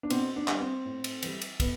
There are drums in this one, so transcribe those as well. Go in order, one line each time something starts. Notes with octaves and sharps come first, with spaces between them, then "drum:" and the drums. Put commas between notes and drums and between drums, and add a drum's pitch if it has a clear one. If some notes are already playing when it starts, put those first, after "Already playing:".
D4
B2 C4, drum: cymbal
D4
G3, drum: clap
C4
A2
drum: cymbal
E3 G3, drum: cymbal
drum: cymbal
B2 B3, drum: kick, cymbal